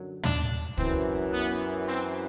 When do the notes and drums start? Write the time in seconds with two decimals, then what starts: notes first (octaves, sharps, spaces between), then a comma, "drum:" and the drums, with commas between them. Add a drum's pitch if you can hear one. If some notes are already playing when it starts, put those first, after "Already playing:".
Already playing: F#2 D3 F#3
0.23 D4, drum: tom
0.77 F#2 E3 C4, drum: kick
1.33 B3
1.87 C4